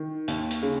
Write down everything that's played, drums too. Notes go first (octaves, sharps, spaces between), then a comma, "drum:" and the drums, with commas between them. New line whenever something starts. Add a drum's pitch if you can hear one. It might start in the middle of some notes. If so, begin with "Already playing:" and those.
Already playing: D#3
D#2, drum: hi-hat
drum: hi-hat
C#3